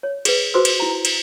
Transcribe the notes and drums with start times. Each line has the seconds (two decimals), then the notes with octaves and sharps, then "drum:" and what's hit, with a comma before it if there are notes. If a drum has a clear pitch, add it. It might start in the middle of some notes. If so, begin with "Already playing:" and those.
0.03 C#5
0.25 G#4 B4, drum: cymbal
0.54 F#4 B4 C5 C6 D6 E6
0.65 drum: cymbal
0.80 E4 A#5
1.05 drum: cymbal